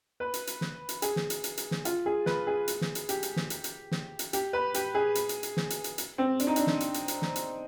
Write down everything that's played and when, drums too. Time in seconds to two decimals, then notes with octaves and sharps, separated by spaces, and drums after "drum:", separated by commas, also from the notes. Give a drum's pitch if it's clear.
0.20 B4
0.34 drum: hi-hat
0.47 drum: hi-hat
0.61 drum: snare
0.89 drum: hi-hat
1.02 G#4, drum: hi-hat
1.16 drum: snare
1.30 drum: hi-hat
1.44 drum: hi-hat
1.57 drum: hi-hat
1.71 drum: snare
1.85 F4, drum: hi-hat
2.06 G#4
2.26 B4, drum: snare
2.47 G#4
2.68 drum: hi-hat
2.81 drum: snare
2.95 drum: hi-hat
3.09 G4, drum: hi-hat
3.23 drum: hi-hat
3.36 drum: snare
3.50 drum: hi-hat
3.64 drum: hi-hat
3.91 drum: snare
4.19 drum: hi-hat
4.33 G4, drum: hi-hat
4.53 B4
4.74 G4, drum: hi-hat
4.95 G#4
5.15 drum: hi-hat
5.29 drum: hi-hat
5.43 drum: hi-hat
5.57 drum: snare
5.70 drum: hi-hat
5.84 drum: hi-hat
5.98 drum: hi-hat
6.18 C4
6.40 D4, drum: hi-hat
6.47 D#4
6.56 D4, drum: hi-hat
6.67 drum: snare
6.81 drum: hi-hat
6.94 drum: hi-hat
7.08 drum: hi-hat
7.22 drum: snare
7.36 drum: hi-hat